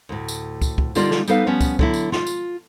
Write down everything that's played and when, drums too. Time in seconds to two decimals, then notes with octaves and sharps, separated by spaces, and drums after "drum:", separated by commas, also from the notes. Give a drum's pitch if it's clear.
0.09 D2 A2
0.28 drum: tambourine
0.62 drum: kick, tambourine
0.78 drum: kick
0.95 D3 G3 A#3 D#4 F4 D5, drum: tambourine
1.11 drum: snare
1.28 G3 B3 D#4 A4 B4 F5, drum: tambourine
1.47 F3 G3 B3 C#4
1.61 drum: kick, tambourine
1.79 D3 F#3 E4, drum: kick
1.94 drum: tambourine
2.12 F4, drum: snare
2.27 drum: tambourine